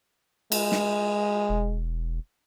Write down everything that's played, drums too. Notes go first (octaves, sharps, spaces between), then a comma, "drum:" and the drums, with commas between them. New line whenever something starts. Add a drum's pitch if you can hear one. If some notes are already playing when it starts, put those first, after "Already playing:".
G#3, drum: cymbal
drum: snare
E1